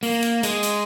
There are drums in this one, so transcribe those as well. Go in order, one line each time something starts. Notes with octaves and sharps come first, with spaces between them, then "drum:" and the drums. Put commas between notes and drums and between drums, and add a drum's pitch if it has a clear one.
A#3, drum: open hi-hat
drum: hi-hat
G#3, drum: hi-hat
drum: hi-hat